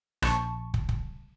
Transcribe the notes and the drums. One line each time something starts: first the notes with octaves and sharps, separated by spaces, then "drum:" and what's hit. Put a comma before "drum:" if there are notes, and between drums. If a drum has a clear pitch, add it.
A#1 A5 C#6, drum: rim click
drum: kick
drum: kick